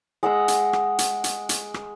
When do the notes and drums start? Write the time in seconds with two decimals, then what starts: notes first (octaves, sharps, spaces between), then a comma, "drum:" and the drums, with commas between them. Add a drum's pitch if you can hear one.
0.23 G#3 F#5 A#5 E6
0.48 drum: hi-hat
0.73 drum: rim click
0.99 drum: hi-hat
1.24 drum: hi-hat
1.49 drum: hi-hat
1.74 drum: rim click